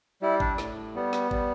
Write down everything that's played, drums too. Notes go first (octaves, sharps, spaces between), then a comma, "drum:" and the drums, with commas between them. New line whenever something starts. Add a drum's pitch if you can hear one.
G3 E4
D4, drum: kick G#1
A2, drum: snare
G3 B3
drum: snare
G3, drum: kick G#1